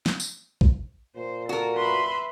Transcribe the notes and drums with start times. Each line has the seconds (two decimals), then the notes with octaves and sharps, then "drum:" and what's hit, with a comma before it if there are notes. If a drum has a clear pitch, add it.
0.06 drum: snare
0.20 drum: tambourine
0.61 drum: kick
1.16 A#2 C5
1.49 F#4 A4 A#4
1.77 B4 E5 B5 C6